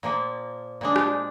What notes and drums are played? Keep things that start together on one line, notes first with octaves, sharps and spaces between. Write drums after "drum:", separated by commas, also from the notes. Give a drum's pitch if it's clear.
A#2 F3 A#3
A#2 G#3 D4
drum: rim click